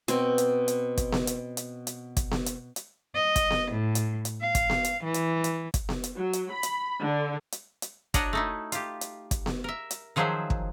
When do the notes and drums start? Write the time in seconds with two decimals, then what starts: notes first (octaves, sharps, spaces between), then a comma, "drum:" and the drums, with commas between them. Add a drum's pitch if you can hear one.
0.08 B2 C4, drum: hi-hat
0.38 drum: hi-hat
0.68 drum: hi-hat
0.97 drum: kick, hi-hat
1.12 drum: snare B3
1.27 drum: hi-hat
1.57 drum: hi-hat
1.87 drum: hi-hat
2.17 drum: kick, hi-hat
2.31 drum: snare B3
2.46 drum: hi-hat
2.76 drum: hi-hat
3.14 D#5
3.36 drum: kick, hi-hat
3.51 drum: snare B3
3.71 A2
3.95 drum: hi-hat
4.25 drum: hi-hat
4.41 F5
4.55 drum: kick, hi-hat
4.70 drum: snare B3
4.84 drum: hi-hat
5.04 E3
5.14 drum: hi-hat
5.44 drum: hi-hat
5.74 drum: kick, hi-hat
5.89 drum: snare B3
6.04 drum: hi-hat
6.15 F#3
6.33 drum: hi-hat
6.52 B5
6.63 drum: hi-hat
7.01 D3
7.52 drum: hi-hat
7.82 drum: hi-hat
8.14 D4 F#4 A#4 C#5 D#5 F#5, drum: kick, hi-hat
8.33 A3 D#4 E4
8.72 F4 G4, drum: hi-hat
9.01 drum: hi-hat
9.31 drum: kick, hi-hat
9.46 drum: snare B3
9.64 A#4 E5
9.91 drum: hi-hat
10.16 D#3 F3 F#3 G#4 C5 E5
10.50 drum: kick